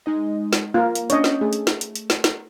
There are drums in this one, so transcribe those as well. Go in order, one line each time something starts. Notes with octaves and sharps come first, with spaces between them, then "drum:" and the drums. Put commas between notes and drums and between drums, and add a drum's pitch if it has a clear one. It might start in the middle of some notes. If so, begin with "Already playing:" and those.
G#3 D#4 D#5
drum: snare
A#3 F4 A#4
drum: hi-hat
C#4 D4 C#5 D#5 G6, drum: hi-hat
drum: snare
A3 G#4
drum: hi-hat
drum: snare
drum: hi-hat
drum: hi-hat
drum: snare
drum: snare